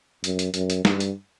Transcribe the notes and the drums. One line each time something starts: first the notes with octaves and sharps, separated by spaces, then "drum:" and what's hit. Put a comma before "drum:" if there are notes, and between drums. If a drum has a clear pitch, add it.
F#2, drum: hi-hat
drum: hi-hat
F#2, drum: hi-hat
drum: hi-hat
G2, drum: snare
drum: hi-hat